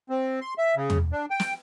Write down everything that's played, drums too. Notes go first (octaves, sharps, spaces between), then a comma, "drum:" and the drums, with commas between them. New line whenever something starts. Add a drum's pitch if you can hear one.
C4
C6
E5
C#3
drum: tom
D4
G5
drum: snare